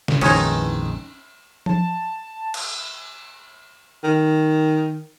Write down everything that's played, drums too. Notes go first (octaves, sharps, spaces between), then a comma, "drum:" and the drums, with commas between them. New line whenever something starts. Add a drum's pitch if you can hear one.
drum: snare
A#1 F2 D#3 E3 G#3 C#4 D#4 A5, drum: cymbal
A5, drum: tom F3
drum: cymbal
D#3